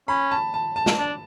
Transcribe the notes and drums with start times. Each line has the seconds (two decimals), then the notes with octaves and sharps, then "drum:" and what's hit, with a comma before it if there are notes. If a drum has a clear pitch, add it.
0.08 C#4 B5
0.31 A5
0.54 A5
0.76 A5
0.86 drum: snare
0.99 D4